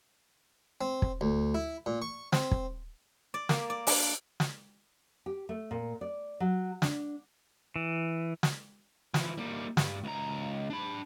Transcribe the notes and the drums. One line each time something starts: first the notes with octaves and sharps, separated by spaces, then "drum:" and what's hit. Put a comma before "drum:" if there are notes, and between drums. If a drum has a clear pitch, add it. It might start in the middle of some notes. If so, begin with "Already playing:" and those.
C4
drum: kick
D2
E4
A#2
C#6
C4, drum: snare
drum: kick
D5
A#3, drum: snare
D5
D4, drum: open hi-hat
drum: snare
G4
A3
A#2
D5
F#3
D4, drum: snare
E3
drum: snare
E3 F3, drum: snare
G3 A#3
G2, drum: snare
C#2 A#5
D4 B5